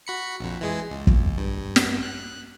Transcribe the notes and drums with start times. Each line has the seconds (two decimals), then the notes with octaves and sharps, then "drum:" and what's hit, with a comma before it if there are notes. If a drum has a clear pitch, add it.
0.07 F#4 B5 C#7
0.40 A#1 F2
0.61 E3 G#3 G#4
0.91 C#2
1.07 drum: kick
1.38 G2
1.76 drum: snare
2.03 F#6